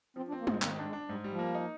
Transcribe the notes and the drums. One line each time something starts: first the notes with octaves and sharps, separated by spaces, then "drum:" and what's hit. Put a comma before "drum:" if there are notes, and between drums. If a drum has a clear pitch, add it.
F3 C4
D4
C4
A#3
G#2 G#3, drum: tom G3
D#3 A#3, drum: clap
D4
G#3
D4
G#2 G3
G3
F3
A#3
D#4